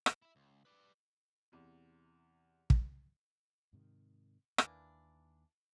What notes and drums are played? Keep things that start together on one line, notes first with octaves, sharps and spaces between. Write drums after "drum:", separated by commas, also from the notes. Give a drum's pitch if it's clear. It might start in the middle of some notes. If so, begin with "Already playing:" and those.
drum: rim click
E4 E5
C#2
B4 D5
E2 C3
drum: kick
G#2 C3 D#3
D#2 E3 A#3 D4, drum: rim click